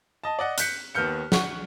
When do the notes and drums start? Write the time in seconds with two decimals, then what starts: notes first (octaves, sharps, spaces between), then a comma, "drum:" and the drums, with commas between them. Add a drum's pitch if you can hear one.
0.24 D#5 A5
0.39 D5 D#5 F#5
0.58 F#6 G6 B6 C#7, drum: hi-hat
0.95 D#2 D#3 B3 F6 G6 C#7
1.32 F#5 C#6, drum: snare